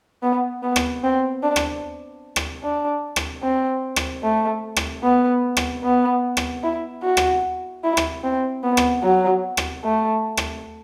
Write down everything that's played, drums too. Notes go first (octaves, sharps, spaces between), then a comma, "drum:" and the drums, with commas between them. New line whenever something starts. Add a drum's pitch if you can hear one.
B3
B3
drum: rim click
C4
D4
drum: rim click
drum: rim click
D4
drum: rim click
C4
drum: rim click
A3
drum: rim click
B3
drum: rim click
B3
drum: rim click
E4
F#4
drum: rim click
E4
drum: rim click
C4
B3
drum: rim click
F#3
drum: rim click
A3
drum: rim click